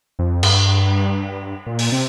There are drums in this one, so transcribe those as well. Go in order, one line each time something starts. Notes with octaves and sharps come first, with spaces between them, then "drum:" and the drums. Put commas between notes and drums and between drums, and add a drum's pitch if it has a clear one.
F2
G2, drum: cymbal
A#2
drum: open hi-hat
C3